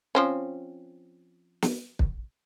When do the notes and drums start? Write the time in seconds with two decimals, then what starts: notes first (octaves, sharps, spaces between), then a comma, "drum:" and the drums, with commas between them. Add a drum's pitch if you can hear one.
0.15 F3 C4 C#4
1.62 drum: snare
1.99 drum: kick